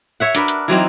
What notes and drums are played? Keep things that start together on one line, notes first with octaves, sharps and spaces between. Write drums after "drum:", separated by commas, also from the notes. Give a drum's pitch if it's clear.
C#5 E5 F#5
D4 A#4 B4, drum: hi-hat
drum: hi-hat
E3 F#3 C4 D#4